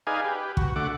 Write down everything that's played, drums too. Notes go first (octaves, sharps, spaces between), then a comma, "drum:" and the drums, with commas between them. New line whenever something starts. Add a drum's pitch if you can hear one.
D#4 G#4 B4 D5 F5 G#5
G4 B4
F#4, drum: kick
D3 A3 F#5 D6